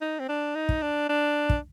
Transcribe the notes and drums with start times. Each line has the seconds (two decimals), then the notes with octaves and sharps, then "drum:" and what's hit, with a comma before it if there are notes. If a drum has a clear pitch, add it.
0.02 D#4
0.20 C4
0.29 D4
0.55 D#4
0.69 drum: kick
0.82 D4
1.09 D4
1.49 drum: kick